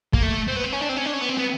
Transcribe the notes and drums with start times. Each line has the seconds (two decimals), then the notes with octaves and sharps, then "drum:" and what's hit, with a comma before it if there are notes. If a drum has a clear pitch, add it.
0.13 A#3, drum: kick
0.23 A3
0.48 C4
0.56 B3
0.64 C4
0.72 C#4
0.81 D4
0.89 C4
0.97 C#4
1.06 D4
1.13 C#4
1.21 B3
1.29 C4
1.38 B3